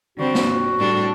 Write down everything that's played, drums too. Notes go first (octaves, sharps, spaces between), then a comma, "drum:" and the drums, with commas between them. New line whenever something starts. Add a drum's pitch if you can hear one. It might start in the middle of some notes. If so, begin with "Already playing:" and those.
D3 G3 C4 F#4
drum: snare
A2 G3 D4 A4